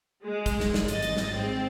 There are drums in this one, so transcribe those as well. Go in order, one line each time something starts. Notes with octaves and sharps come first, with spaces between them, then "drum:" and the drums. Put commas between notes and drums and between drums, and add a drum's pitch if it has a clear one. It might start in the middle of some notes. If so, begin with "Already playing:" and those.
G#3
drum: kick, hi-hat
drum: snare
drum: snare
G#1 D#5 A6, drum: hi-hat
drum: hi-hat
drum: snare
G#3 C4